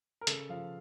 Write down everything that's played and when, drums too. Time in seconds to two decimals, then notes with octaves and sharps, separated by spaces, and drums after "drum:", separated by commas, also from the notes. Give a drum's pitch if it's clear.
0.21 A#4
0.27 C#3 A4, drum: hi-hat
0.49 F3 F5